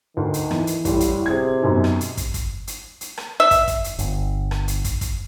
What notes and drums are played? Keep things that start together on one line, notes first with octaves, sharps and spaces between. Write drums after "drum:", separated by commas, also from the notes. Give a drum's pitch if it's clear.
D2 D#3
drum: hi-hat
E3, drum: rim click
drum: hi-hat
A1 A2 G3, drum: kick, hi-hat
drum: kick, hi-hat
C3 G#4 G#6
F#2 B2 D#3
drum: rim click
drum: hi-hat
drum: kick, hi-hat
drum: kick, hi-hat
drum: hi-hat
drum: hi-hat
drum: rim click
E5
drum: kick, hi-hat
drum: kick, hi-hat
drum: hi-hat
G1, drum: hi-hat
drum: rim click
drum: hi-hat
drum: kick, hi-hat
drum: kick, hi-hat